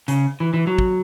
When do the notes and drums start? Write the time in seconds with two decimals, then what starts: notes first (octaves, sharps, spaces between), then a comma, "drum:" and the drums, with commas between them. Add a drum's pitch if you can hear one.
0.08 C#3, drum: hi-hat
0.40 E3
0.54 E3
0.67 F#3
0.78 drum: kick